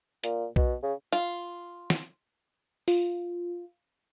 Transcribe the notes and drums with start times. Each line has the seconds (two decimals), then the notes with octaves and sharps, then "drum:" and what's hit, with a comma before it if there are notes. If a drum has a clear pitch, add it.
0.24 A#2, drum: hi-hat
0.56 B2, drum: kick B1
0.83 C#3
1.12 F4, drum: hi-hat
1.90 drum: snare
2.88 F4, drum: open hi-hat